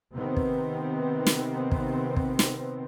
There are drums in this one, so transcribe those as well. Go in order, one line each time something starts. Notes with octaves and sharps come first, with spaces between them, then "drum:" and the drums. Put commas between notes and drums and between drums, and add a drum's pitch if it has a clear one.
C3 D#3 B3 C4
drum: kick
drum: snare
drum: kick
drum: kick
drum: snare